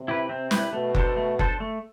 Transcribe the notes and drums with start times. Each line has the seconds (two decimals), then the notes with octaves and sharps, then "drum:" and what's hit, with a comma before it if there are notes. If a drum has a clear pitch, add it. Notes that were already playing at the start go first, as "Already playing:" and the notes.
Already playing: C3
0.08 E4 G4 B4
0.29 C4
0.51 E4 G4 B4, drum: snare
0.73 B2 A3
0.95 D4 A4 C5, drum: kick F#1
1.16 A3
1.39 D4 A4 C5, drum: kick F#1
1.60 A3